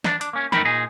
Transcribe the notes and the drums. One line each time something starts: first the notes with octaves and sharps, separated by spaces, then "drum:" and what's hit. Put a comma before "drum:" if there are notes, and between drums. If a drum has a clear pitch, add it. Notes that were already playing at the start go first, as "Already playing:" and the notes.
D4, drum: snare
D4, drum: hi-hat
A#3 C#4
F#2 A3 D#4 A#4 G5 B5, drum: snare
A#2 D#4 G#4